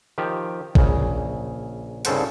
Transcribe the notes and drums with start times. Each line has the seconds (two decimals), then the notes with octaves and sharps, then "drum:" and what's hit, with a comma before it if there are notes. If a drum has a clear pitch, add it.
0.18 D#3 F3 G4
0.75 A#1 C#3, drum: kick
2.05 C2 G2 C#3 A4 C5 F#5, drum: hi-hat